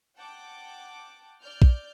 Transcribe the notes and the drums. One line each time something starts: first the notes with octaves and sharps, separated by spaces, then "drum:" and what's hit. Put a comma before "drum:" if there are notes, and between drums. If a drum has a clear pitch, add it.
F#5 G5 A5 D6
D5 F6 G6
drum: kick A#1